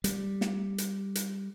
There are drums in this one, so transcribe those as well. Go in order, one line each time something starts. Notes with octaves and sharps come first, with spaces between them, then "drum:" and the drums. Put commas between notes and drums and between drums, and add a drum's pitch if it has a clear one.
G3, drum: hi-hat
drum: snare
drum: hi-hat
drum: hi-hat